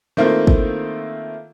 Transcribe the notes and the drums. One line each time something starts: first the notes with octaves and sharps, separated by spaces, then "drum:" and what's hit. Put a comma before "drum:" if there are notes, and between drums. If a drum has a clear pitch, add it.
D#3 A3 A#3 C4 E4 F4
drum: kick G#1